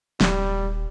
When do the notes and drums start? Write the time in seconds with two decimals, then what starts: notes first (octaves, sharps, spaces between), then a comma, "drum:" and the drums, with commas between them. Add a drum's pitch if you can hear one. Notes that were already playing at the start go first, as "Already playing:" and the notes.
0.21 D#1 G3, drum: snare